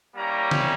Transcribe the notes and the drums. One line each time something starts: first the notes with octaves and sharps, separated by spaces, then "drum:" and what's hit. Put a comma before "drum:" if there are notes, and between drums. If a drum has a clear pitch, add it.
G3 A#3 C#4 E4 A#5
drum: snare